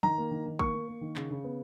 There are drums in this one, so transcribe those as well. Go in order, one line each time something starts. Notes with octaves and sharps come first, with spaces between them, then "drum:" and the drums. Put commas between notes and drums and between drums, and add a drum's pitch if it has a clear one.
D#3 A#5, drum: tom
A#3
D#3
D#3
A#3 C#6, drum: kick
A#3
A#3
D#3
C#3, drum: clap
C#3
B3